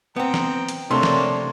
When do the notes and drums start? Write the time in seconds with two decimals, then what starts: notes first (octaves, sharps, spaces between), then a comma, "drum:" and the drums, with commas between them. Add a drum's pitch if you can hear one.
0.16 B3 C4 G5 A#5
0.34 drum: snare
0.69 drum: hi-hat
0.91 C3 A3 A#3 D4 C#5 A5 C6
1.03 drum: snare